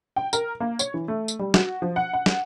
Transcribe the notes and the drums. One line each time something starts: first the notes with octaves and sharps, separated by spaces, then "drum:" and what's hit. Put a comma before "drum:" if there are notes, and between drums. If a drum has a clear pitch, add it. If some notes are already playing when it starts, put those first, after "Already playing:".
G5
A#4, drum: tambourine
A#3
C#5, drum: tambourine
E3
A3
drum: tambourine
G3
F#4, drum: snare
F3
F#5
F#5
drum: snare